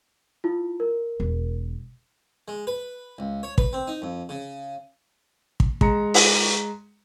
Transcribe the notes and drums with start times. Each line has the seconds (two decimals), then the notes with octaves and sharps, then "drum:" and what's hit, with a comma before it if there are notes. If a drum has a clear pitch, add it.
0.44 E4 F4
0.80 A#4
1.20 E1
2.48 G#3
2.67 B4
3.18 C#2
3.43 C#5
3.58 B4, drum: kick
3.73 C4
3.87 D#4
4.02 F2
4.29 C#3
5.60 drum: kick
5.81 G#3 A#5 C#7, drum: kick
6.14 drum: open hi-hat